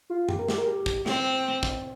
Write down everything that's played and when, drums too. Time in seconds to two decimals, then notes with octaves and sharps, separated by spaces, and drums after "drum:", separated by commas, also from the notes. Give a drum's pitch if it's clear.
0.10 F4
0.29 G4, drum: tom F#2
0.39 A#4
0.48 G4, drum: snare
0.58 A#4
0.68 G4
0.86 drum: kick
1.06 C4, drum: snare
1.63 drum: kick